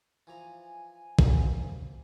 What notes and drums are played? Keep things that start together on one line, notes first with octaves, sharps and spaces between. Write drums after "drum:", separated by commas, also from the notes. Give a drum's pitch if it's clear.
E3 F3 G#5 A#5
F#3 A#3 C4, drum: kick